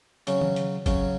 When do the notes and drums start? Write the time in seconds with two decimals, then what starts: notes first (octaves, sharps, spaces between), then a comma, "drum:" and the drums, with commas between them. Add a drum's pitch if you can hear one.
0.27 C#3 F#3 C#4, drum: hi-hat
0.41 drum: tom D#3
0.56 drum: hi-hat
0.86 C#3 F#3 C#4, drum: kick F#1, hi-hat